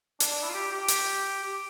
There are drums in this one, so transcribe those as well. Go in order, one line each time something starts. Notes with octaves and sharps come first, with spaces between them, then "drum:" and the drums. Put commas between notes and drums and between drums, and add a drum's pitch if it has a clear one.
D4, drum: hi-hat
D4
E4
F4
G4
G4
drum: hi-hat
G4